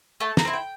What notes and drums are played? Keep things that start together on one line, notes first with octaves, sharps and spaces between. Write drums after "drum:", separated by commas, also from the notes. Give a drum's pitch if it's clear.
A3 A5
A#5, drum: snare
C4 E4
G5